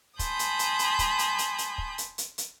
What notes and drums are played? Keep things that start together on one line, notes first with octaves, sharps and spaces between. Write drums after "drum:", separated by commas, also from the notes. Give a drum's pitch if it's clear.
G#5 A5 B5 C6 D#6 G6, drum: kick, hi-hat
drum: hi-hat
drum: hi-hat
drum: hi-hat
drum: kick, hi-hat
drum: hi-hat
drum: hi-hat
drum: hi-hat
drum: kick
drum: hi-hat
drum: hi-hat
drum: hi-hat